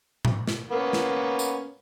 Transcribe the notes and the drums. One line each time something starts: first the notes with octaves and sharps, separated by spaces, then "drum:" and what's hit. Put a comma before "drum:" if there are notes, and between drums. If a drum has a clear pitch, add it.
drum: tom A2
drum: snare
A#3 B3 C#4
drum: snare
drum: tambourine